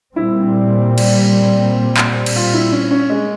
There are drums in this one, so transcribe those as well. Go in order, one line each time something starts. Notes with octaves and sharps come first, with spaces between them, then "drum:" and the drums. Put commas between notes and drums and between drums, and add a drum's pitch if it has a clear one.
A#2 G3 C4 E4
drum: cymbal
drum: clap
drum: cymbal
F4
E4
C#4
C#4
G#3